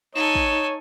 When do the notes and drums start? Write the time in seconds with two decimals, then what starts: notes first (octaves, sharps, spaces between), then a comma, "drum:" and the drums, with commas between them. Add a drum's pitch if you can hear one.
0.15 D#4 A4 C#5 G#5 E7
0.35 drum: kick